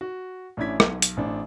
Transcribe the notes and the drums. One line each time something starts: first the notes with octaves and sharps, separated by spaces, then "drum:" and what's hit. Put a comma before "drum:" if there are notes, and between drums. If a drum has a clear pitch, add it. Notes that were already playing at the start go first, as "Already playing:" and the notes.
F#4
A1 C#4 D4 E4 G#6 B6
B1, drum: rim click
drum: hi-hat
A1 C4 D4